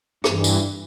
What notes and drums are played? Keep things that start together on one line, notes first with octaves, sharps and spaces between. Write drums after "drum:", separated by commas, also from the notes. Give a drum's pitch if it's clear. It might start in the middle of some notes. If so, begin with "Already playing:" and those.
G2 E3, drum: rim click
drum: tambourine